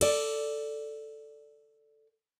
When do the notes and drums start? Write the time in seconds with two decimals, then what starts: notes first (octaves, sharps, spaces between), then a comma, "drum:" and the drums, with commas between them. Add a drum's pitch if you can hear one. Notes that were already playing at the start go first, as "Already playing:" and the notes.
0.01 A4 D5, drum: cymbal